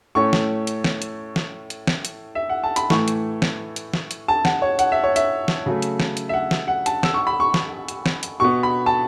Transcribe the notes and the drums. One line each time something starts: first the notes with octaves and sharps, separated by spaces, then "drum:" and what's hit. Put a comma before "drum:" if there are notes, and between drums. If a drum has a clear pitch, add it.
A2 A3 C#4 C#6
drum: snare
drum: hi-hat
drum: snare
drum: hi-hat
drum: snare
drum: hi-hat
drum: snare
drum: hi-hat
E5
F#5
A5
B5, drum: hi-hat
A2 E3 A3 C#6, drum: snare
drum: hi-hat
drum: snare
drum: hi-hat
drum: snare
drum: hi-hat
A5
F#5, drum: snare
C#5
F#5, drum: hi-hat
E5
C#5
E5, drum: hi-hat
drum: snare
C#3 F#3 A3
drum: hi-hat
drum: snare
drum: hi-hat
E5
F#5
drum: snare
F#5
A5, drum: hi-hat
E6, drum: snare
C#6
B5
C#6
drum: snare
drum: hi-hat
drum: snare
drum: hi-hat
B2 B3 C#6
B5
A5